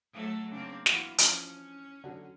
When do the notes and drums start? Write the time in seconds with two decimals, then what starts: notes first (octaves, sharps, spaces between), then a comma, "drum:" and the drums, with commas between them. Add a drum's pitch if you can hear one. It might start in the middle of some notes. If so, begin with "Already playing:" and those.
0.13 F#3 A3 A4
0.52 C#3 A#3 C4 D4
0.86 E3 F4 F#4, drum: snare
1.18 F3 C#4, drum: hi-hat
2.04 D3 F#3